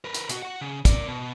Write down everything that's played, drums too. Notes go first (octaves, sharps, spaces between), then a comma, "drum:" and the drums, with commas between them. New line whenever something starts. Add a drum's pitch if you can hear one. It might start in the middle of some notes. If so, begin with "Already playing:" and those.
A#4 B4
drum: hi-hat
B2 F#4, drum: hi-hat
F#4 F#5
C#3
A#4 D5, drum: kick, hi-hat
B2